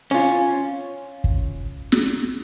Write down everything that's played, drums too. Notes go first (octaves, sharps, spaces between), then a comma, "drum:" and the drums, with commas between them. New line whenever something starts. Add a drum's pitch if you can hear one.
C#4 F4
drum: kick
drum: snare